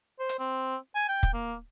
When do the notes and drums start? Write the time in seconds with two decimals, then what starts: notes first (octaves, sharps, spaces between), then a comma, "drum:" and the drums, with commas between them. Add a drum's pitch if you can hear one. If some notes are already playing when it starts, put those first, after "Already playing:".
0.19 C5
0.29 drum: hi-hat
0.39 C4
0.95 G#5
1.09 G5
1.23 drum: kick
1.33 A#3